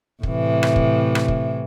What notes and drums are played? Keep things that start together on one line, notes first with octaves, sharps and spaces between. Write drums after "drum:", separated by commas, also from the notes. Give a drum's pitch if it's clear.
A2 C3 E3, drum: kick
drum: rim click
drum: kick
drum: rim click
drum: kick